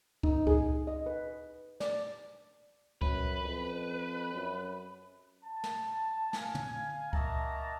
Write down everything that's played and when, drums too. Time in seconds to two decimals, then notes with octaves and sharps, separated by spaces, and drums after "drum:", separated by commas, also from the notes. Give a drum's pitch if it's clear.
0.23 D#4, drum: kick C#2
0.47 G#4, drum: kick C#2
0.87 D#5
1.06 B4
1.80 D5, drum: snare
3.02 F#2 B4, drum: kick C#2
3.44 F2
4.34 F#2
5.44 A5
5.64 drum: snare
6.33 F5 G#5, drum: snare
6.55 drum: tom
7.13 A#3 F#4 D#5 E5 A5 A#5, drum: kick C#2